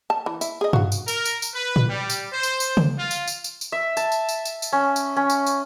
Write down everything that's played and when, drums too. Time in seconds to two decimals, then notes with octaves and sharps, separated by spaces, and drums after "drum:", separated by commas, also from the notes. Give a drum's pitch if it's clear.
0.10 A5
0.26 E3
0.41 E4, drum: tambourine
0.61 G#4 D#5
0.73 F#4 F5, drum: tom G2
0.92 drum: tambourine
1.08 A#4, drum: tambourine
1.25 drum: tambourine
1.42 drum: tambourine
1.55 B4
1.76 drum: tom A2
1.89 G3
2.10 drum: tambourine
2.32 C5
2.43 drum: tambourine
2.60 drum: tambourine
2.77 drum: tom
2.99 F4
3.11 drum: tambourine
3.28 drum: tambourine
3.44 drum: tambourine
3.61 drum: tambourine
3.72 E5
3.97 A5, drum: tambourine
4.12 drum: tambourine
4.29 drum: tambourine
4.45 drum: tambourine
4.62 drum: tambourine
4.73 C#4
4.96 drum: tambourine
5.16 C#4
5.30 drum: tambourine
5.46 drum: tambourine